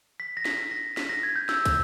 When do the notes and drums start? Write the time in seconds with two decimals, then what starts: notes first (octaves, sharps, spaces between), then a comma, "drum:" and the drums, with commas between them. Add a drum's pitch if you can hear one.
0.20 B6
0.37 A#6
0.45 B6, drum: snare
0.71 A#6
0.97 B6, drum: snare
1.09 A#6
1.23 G#6
1.36 G6
1.49 E6, drum: snare
1.65 drum: kick, hi-hat